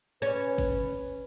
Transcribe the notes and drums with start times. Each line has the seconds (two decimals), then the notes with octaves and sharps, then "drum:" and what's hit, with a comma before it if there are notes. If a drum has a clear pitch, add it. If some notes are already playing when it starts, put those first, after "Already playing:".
0.22 C#4 B4
0.58 drum: kick, cymbal